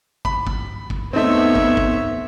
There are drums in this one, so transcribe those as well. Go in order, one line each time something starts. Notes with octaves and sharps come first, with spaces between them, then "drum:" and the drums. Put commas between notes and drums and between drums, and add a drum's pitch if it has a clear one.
B5, drum: kick
drum: kick
drum: kick
D#2 A3 B3 C4 D#4 C#5 E5
drum: kick
drum: kick